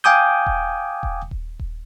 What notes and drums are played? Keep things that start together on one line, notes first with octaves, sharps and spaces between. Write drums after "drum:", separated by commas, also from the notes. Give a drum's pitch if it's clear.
F5 G5 G#5 D6 D#6 G6
drum: kick D#1
drum: kick D#1
drum: kick D#1
drum: kick D#1